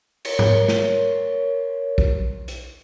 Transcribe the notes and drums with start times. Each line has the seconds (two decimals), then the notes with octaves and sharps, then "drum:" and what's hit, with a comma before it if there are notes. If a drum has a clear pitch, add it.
0.25 A#4 C#5, drum: cymbal
0.39 drum: tom G#2
0.68 drum: snare
1.98 drum: kick A#1
2.48 drum: hi-hat